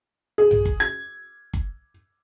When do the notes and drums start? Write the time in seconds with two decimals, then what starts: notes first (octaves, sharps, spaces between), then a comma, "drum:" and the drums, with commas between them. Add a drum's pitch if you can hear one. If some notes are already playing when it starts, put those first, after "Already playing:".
0.38 G#4
0.51 drum: tom A#1
0.65 drum: kick G1
0.80 G#6
1.54 drum: kick G1